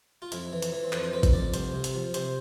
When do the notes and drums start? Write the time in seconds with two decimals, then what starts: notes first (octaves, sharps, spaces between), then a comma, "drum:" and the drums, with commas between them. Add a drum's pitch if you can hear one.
0.22 F4
0.32 F2 E4, drum: hi-hat
0.52 E3
0.62 drum: hi-hat
0.73 E3
0.84 C4
0.93 F2 D4, drum: clap
1.03 C5
1.13 F2 B4
1.23 drum: kick G#1, hi-hat
1.33 F2 D5
1.54 C2 C5, drum: hi-hat
1.74 C3
1.84 drum: hi-hat
1.95 F3
2.14 C3 C5, drum: hi-hat